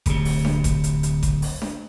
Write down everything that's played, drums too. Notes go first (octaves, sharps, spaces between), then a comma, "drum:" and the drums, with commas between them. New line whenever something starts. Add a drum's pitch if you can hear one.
D1 C3, drum: kick G#1, hi-hat
drum: open hi-hat
drum: snare D4
drum: kick G#1, hi-hat
drum: hi-hat
drum: hi-hat
drum: kick G#1, hi-hat
drum: open hi-hat
drum: snare D4